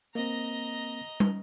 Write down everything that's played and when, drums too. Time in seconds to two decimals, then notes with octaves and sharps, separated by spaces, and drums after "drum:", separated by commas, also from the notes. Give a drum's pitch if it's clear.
0.15 A#3 C4 D#5 A#5
1.20 drum: tom